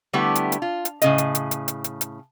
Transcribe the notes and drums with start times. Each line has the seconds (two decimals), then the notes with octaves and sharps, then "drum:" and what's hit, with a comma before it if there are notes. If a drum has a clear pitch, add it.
0.13 D3 G3 A3 B3 E4 G4
0.35 drum: hi-hat
0.52 drum: hi-hat
0.62 F4
0.85 drum: hi-hat
1.02 A2 C#3 D#5, drum: hi-hat
1.18 drum: hi-hat
1.35 drum: hi-hat
1.51 drum: hi-hat
1.68 drum: hi-hat
1.84 drum: hi-hat
2.01 drum: hi-hat